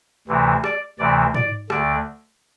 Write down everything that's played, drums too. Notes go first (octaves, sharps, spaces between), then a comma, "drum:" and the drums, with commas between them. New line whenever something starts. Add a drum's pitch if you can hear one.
D2 C3 E3
D5, drum: rim click
D2 C3 E3 D5
D5, drum: tom G#2
D2 D3 D5, drum: rim click